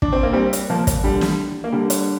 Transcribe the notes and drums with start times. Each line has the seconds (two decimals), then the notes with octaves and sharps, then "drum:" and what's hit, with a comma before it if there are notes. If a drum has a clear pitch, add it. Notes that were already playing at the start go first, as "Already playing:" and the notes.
0.02 D4, drum: kick
0.13 C4
0.23 A#3
0.33 G3 C4
0.53 drum: hi-hat
0.70 F3 A#3
0.87 drum: kick, hi-hat
1.04 D3 G3
1.21 drum: snare
1.64 A#3
1.72 D3 G3
1.90 drum: hi-hat